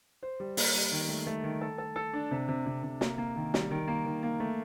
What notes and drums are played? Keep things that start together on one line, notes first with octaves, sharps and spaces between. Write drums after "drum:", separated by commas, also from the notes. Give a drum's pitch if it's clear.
C5
G3
A#3, drum: open hi-hat
G3
D#3
A3
A3
D#3
A4
A4
A4
D4
C3
C3
C3
C3
A#3, drum: snare
A#3
D#3
G3, drum: snare
D#3
A#3
D#3
A#3
A3